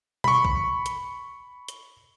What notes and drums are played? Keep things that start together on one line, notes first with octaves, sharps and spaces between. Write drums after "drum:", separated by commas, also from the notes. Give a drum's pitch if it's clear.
B5 C#6, drum: tom B2
drum: kick
drum: hi-hat
drum: hi-hat